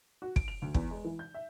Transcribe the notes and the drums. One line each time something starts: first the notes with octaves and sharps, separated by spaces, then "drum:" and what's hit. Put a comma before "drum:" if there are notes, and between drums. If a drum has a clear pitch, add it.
F#4
D7, drum: kick
F7
D2
E2, drum: kick
G#3
E3
G6
E5